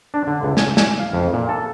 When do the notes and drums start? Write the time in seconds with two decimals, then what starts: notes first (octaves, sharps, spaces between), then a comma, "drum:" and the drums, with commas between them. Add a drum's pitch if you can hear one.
0.14 D4
0.27 D3
0.43 C#2
0.57 G#5, drum: snare
0.77 G#5, drum: snare
1.00 F5
1.13 F2
1.33 A#2
1.49 A4